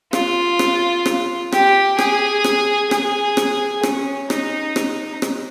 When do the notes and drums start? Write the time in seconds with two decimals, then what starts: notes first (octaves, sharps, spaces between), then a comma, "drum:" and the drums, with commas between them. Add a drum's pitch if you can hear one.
0.13 F4, drum: rim click
0.59 drum: rim click
1.06 drum: rim click
1.52 G4, drum: rim click
1.99 G#4, drum: rim click
2.44 drum: rim click
2.91 G#4, drum: rim click
3.37 drum: rim click
3.83 C#4, drum: rim click
4.30 D#4, drum: rim click
4.76 drum: rim click
5.22 drum: rim click